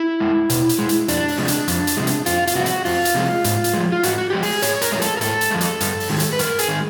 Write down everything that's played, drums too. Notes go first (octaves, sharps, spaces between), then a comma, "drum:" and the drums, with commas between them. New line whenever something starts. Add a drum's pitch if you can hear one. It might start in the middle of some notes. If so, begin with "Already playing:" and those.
Already playing: E4
G#3
B2, drum: hi-hat
drum: hi-hat
G#3
drum: hi-hat
F2 D4, drum: hi-hat
drum: open hi-hat
C3 F3 G#3
drum: hi-hat
F2, drum: hi-hat
drum: hi-hat
C3 F3 G#3
drum: hi-hat
F2 F4, drum: hi-hat
F4, drum: hi-hat
C3 F3 G#3 F#4
drum: hi-hat
F2 F4, drum: open hi-hat
drum: hi-hat
C3 F3 G#3
G#2, drum: hi-hat
drum: hi-hat
F3 G#3
F4
G#2 F#4, drum: hi-hat
F#4
F3 G#3 G4
G#4, drum: open hi-hat
G#2 C#5, drum: hi-hat
A#4, drum: hi-hat
F3 G#3 A#4
A4, drum: hi-hat
A#4
G#2 A4, drum: hi-hat
drum: hi-hat
F3 G#3
drum: hi-hat
G2, drum: hi-hat
drum: open hi-hat
D#3 G#3
drum: hi-hat
B4
G2 A#4, drum: hi-hat
G#4, drum: hi-hat
D#3 G#3